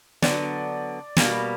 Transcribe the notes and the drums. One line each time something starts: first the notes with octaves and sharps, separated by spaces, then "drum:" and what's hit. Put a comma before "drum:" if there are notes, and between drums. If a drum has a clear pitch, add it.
D3 F#3 B3 D5, drum: snare
B2 G3 A#3, drum: snare